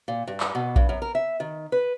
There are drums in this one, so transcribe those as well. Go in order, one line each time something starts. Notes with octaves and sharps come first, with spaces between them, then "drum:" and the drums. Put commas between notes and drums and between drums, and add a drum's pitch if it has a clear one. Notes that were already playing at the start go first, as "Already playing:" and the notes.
A#2
G2
drum: clap
B2
G2, drum: kick A#1
F#2
A#4
E5
D#3
B4